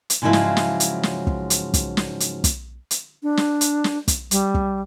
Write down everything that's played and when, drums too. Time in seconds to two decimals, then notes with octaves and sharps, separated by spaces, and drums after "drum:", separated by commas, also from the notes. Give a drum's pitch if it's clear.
0.10 drum: hi-hat
0.22 G#2 C#3 F3 F#3 E4 F4
0.33 drum: snare
0.57 drum: snare
0.80 drum: hi-hat
1.03 drum: snare
1.27 drum: kick
1.50 drum: hi-hat
1.74 drum: kick, hi-hat
1.97 drum: snare
2.20 drum: hi-hat
2.44 drum: kick, hi-hat
2.91 drum: hi-hat
3.23 D4
3.37 drum: snare
3.61 drum: hi-hat
3.84 drum: snare
4.08 drum: kick, hi-hat
4.31 G3, drum: hi-hat
4.54 drum: kick